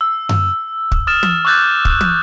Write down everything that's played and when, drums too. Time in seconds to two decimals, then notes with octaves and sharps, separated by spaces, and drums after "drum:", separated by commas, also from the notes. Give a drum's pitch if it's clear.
0.01 E6
0.29 drum: tom F#2
0.92 drum: kick
1.07 D#6 F6 A6 E7
1.23 drum: tom
1.45 C#6 D6 E6 F#6 G6 A6
1.85 drum: kick
2.01 drum: tom